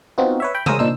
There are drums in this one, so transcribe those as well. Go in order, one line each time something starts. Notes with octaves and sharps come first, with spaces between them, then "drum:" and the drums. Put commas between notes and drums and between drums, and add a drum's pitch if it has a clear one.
B3 C4 D#4 F4 F#4
B4 C#5 E5
G5 B5
G#4 A#4 C5 C#5 D#6 E6, drum: tom C3
A#2 D4 D#4 C5 E6